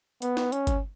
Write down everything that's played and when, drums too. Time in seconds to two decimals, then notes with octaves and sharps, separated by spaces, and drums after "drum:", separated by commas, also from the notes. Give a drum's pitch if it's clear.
0.22 B3, drum: hi-hat
0.37 drum: snare
0.52 C#4, drum: hi-hat
0.67 drum: kick G1, hi-hat